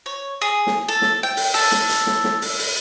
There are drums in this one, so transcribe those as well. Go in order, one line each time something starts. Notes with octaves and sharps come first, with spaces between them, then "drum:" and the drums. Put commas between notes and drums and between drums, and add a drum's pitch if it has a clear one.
C#5
G#4
drum: snare
A4
drum: snare
G5
drum: open hi-hat
A4, drum: open hi-hat
drum: snare
drum: hi-hat
drum: snare
drum: snare
drum: open hi-hat
drum: open hi-hat